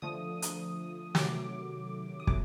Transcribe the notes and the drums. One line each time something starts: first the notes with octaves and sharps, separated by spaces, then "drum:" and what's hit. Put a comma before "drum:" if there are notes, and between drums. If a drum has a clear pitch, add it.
D3 F3 A3 D#6
drum: hi-hat
C3 D#3 F#3 A3 D6, drum: snare
D#6
B2 F#3 A3 D6, drum: kick